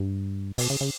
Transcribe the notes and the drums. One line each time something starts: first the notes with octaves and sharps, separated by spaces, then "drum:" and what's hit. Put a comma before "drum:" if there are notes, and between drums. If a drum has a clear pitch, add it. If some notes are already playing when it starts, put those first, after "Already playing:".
Already playing: G2
B2, drum: open hi-hat
C#3
C#3